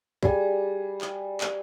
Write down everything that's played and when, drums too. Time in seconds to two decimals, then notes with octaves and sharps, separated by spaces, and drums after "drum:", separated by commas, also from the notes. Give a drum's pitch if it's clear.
0.23 G3 G#4, drum: kick
1.01 drum: clap
1.41 drum: clap